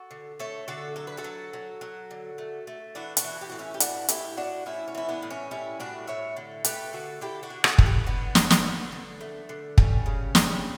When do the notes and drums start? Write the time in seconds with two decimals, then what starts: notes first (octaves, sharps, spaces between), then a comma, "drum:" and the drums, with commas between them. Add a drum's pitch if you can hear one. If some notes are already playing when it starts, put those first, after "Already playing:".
Already playing: F#4 A4
0.11 D3
0.40 A3 A4 C#5
0.68 D3 F#4 A4
0.96 F#3 A4
1.07 B4
1.17 F#4 A4
1.24 F#3
1.53 F#3
1.81 F#3
2.11 D3
2.38 A3
2.67 A3
2.95 E3 D4 F#4
3.17 D4 F#4, drum: hi-hat
3.24 E3
3.41 G4
3.50 A2 F#4
3.59 C#4 E4
3.74 G4
3.80 E3 D4 F#4, drum: hi-hat
4.09 A2 E4 G4, drum: hi-hat
4.37 A2 D4 F#4
4.66 A2 C#4 E4
4.88 C#4
4.95 E3 E4
5.09 B3 D4
5.22 A2
5.30 C#4
5.51 G3 C#4 E4
5.80 A2 D4 F#4
6.07 A2 C#5 E5
6.37 D3
6.64 A3 G4 B4, drum: hi-hat
6.93 D3 F#4 A4
7.21 D3 E4 G4
7.43 D4 F#4
7.50 D3
7.64 F#4 A4, drum: rim click
7.78 D3, drum: kick
7.86 G4 B4
8.07 D3 B3 D4
8.35 D3, drum: snare
8.50 drum: snare
8.63 D3
8.92 D3
9.21 A3
9.49 D3
9.78 G3 C#4, drum: kick
10.06 C#3
10.35 G3, drum: snare